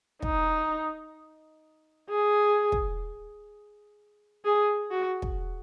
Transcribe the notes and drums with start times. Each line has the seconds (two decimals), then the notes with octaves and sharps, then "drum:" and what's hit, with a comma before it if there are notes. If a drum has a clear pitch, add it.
0.22 D#4, drum: kick
2.10 G#4
2.72 drum: kick
4.45 G#4
4.91 F#4
5.22 drum: kick